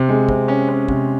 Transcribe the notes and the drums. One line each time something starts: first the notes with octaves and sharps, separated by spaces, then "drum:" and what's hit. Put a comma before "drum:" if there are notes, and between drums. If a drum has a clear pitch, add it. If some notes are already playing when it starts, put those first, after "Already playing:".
Already playing: C3
G#3
C3, drum: kick
C#4
C#4
C3, drum: kick